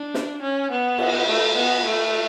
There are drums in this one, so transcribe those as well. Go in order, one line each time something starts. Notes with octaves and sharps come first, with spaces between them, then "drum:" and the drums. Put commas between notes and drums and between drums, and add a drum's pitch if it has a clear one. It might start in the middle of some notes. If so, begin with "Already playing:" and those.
Already playing: D4
drum: snare
C#4
B3
drum: cymbal
A3
B3
A3